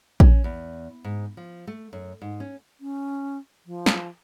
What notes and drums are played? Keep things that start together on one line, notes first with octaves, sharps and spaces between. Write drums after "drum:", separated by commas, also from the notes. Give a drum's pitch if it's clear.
C#4, drum: kick A#1
E2
G#2
F3
A3
F#2
G#2
C#4
C#4
F3
drum: snare